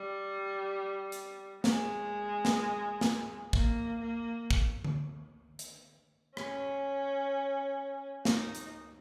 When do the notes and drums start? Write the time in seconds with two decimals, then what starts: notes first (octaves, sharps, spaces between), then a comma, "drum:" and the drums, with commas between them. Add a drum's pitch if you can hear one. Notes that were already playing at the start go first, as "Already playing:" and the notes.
Already playing: G3
1.12 drum: hi-hat
1.64 G#3, drum: snare
2.45 drum: snare
3.01 drum: snare
3.53 A#3, drum: kick
4.00 A#3
4.51 drum: kick
4.85 drum: tom D3
5.59 drum: hi-hat
6.37 C#4, drum: rim click
8.25 D#4, drum: snare
8.55 drum: hi-hat